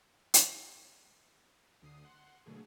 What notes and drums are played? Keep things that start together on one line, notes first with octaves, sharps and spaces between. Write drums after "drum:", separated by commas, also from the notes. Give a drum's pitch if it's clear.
drum: hi-hat
D2 D3 D#6 C7
F#5 C6
B2 D3 F#3 A3 A#3 G#4